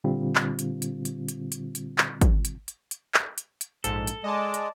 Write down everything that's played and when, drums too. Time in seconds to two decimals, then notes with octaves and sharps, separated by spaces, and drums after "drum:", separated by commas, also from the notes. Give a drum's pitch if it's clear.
0.04 A#2 D3 G3 C4 F4
0.36 drum: clap
0.59 drum: hi-hat
0.82 drum: hi-hat
1.05 drum: hi-hat
1.28 drum: hi-hat
1.52 drum: hi-hat
1.75 drum: hi-hat
1.98 drum: clap
2.21 drum: kick, hi-hat
2.45 drum: hi-hat
2.68 drum: hi-hat
2.91 drum: hi-hat
3.14 drum: clap
3.38 drum: hi-hat
3.61 drum: hi-hat
3.84 A#1 G#2 A4, drum: hi-hat
4.07 drum: hi-hat
4.24 G#3 D5 D#5 A5
4.54 drum: hi-hat